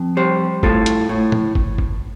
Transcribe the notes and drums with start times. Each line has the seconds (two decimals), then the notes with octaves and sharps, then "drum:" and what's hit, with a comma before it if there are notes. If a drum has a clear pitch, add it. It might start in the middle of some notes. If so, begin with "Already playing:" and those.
Already playing: F2
0.17 G3 G4 C5
0.63 A2 F4 A4, drum: kick G1
0.86 drum: hi-hat
1.09 A2
1.32 drum: tom
1.55 drum: kick G1
1.78 drum: kick G1